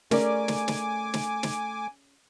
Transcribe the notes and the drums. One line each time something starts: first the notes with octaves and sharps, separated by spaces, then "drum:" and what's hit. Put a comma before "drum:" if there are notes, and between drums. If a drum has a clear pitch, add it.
A3 C#4 G#4 A#4 D5 G#5 D6, drum: snare
drum: snare
drum: snare
drum: snare
drum: snare